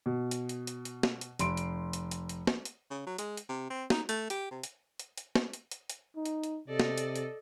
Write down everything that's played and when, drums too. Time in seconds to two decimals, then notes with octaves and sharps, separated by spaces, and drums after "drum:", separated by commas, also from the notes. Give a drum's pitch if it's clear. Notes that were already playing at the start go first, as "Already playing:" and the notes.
0.06 B2
0.31 drum: hi-hat
0.49 drum: hi-hat
0.67 drum: hi-hat
0.85 drum: hi-hat
1.03 drum: snare
1.21 drum: hi-hat
1.39 F1 C6 D7, drum: hi-hat
1.57 drum: hi-hat
1.93 drum: hi-hat
2.11 drum: hi-hat
2.29 drum: hi-hat
2.47 drum: snare
2.65 drum: hi-hat
2.90 C#3
3.07 F#3
3.18 G#3, drum: hi-hat
3.37 drum: hi-hat
3.49 C3
3.70 C4
3.90 D#4, drum: snare
4.09 A3, drum: hi-hat
4.30 G4, drum: hi-hat
4.51 C3
4.63 drum: hi-hat
4.99 drum: hi-hat
5.17 drum: hi-hat
5.35 drum: snare
5.53 drum: hi-hat
5.71 drum: hi-hat
5.89 drum: hi-hat
6.16 D#4
6.26 drum: hi-hat
6.44 drum: hi-hat
6.68 C3 A4 D5 D#5
6.80 drum: snare
6.98 drum: hi-hat
7.16 drum: hi-hat